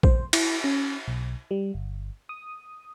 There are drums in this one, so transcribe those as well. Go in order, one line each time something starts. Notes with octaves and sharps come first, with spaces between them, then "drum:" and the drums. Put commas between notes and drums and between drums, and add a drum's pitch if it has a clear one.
C5, drum: kick A#1
E4, drum: cymbal
C#4
B1
G3
G1
D#6